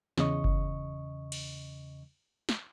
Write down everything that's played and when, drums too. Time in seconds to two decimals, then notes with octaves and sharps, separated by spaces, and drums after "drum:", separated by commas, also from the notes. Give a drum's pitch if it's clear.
0.18 E2 C#3 D#5 C#6, drum: snare
0.44 drum: kick F#1
1.32 drum: cymbal
2.49 drum: snare